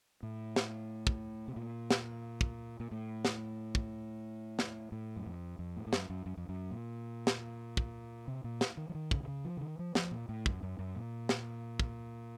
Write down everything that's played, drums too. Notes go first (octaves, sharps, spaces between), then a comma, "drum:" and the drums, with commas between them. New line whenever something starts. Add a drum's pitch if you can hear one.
A2
drum: snare
drum: kick
C3
A#2
drum: snare
drum: kick
A#2
A2
drum: snare
drum: kick
drum: snare
A2
F#2
F2
F2
A2
A2
F#2, drum: snare
F#2
F#2
F2
F#2
A#2
drum: snare
drum: kick
C3
A#2
drum: snare
D#3
F3
D#3
C#3, drum: kick
C3
C#3
F3
C#3
D#3
F3
F3, drum: snare
A#2
A2
F#2, drum: kick
F#2
F#2
A#2
drum: snare
drum: kick